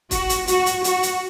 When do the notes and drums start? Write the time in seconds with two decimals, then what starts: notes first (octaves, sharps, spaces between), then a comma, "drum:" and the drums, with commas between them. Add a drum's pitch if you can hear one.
0.11 F#4, drum: kick, hi-hat
0.29 drum: hi-hat
0.47 F#4, drum: hi-hat
0.66 drum: hi-hat
0.84 F#4, drum: hi-hat
1.03 drum: hi-hat